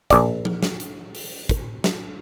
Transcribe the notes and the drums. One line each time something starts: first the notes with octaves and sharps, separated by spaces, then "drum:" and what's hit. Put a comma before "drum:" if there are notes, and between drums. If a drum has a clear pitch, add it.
A#1 D5, drum: kick, hi-hat
drum: tom F3
drum: snare
drum: hi-hat
drum: open hi-hat
drum: kick, hi-hat
drum: snare